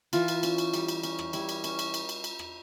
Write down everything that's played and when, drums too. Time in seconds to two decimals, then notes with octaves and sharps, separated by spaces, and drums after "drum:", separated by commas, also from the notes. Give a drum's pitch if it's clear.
0.13 E3 F4, drum: cymbal
0.28 drum: cymbal
0.43 C#4, drum: cymbal
0.58 drum: cymbal
0.74 G3, drum: cymbal
0.88 drum: cymbal
1.03 C#4, drum: cymbal
1.19 drum: rim click
1.33 G3 E4, drum: cymbal
1.49 drum: cymbal
1.64 C#4, drum: cymbal
1.79 drum: cymbal
1.94 drum: cymbal
2.09 drum: cymbal
2.24 drum: cymbal
2.39 drum: rim click